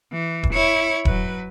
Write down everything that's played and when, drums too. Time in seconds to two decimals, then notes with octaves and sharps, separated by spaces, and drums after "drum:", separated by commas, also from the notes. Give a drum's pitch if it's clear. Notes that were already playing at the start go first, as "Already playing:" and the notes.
0.12 E3
0.43 drum: kick D#1
0.53 E4 C#5
1.05 F#3 B4, drum: kick D#1